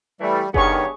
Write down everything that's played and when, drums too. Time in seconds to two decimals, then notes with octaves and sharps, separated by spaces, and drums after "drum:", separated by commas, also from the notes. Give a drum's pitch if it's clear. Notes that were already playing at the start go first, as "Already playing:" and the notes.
0.21 E3 G3 A3
0.54 G2 D#3 B3 G#4 C#5 C#6, drum: kick F#1